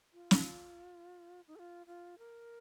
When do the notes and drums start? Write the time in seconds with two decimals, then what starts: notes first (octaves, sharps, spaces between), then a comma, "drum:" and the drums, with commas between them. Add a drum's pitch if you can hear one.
0.13 F4
0.31 drum: snare
1.47 D#4
1.56 A4
1.59 F4
1.87 F4
2.19 A#4